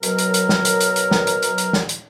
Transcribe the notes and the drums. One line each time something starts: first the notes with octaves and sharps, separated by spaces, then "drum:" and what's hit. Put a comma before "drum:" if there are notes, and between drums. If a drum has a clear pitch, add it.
B2 F#3 A#4, drum: hi-hat
drum: hi-hat
drum: hi-hat
drum: snare
drum: hi-hat
drum: hi-hat
drum: hi-hat
drum: snare
drum: hi-hat
drum: hi-hat
drum: hi-hat
drum: snare
drum: hi-hat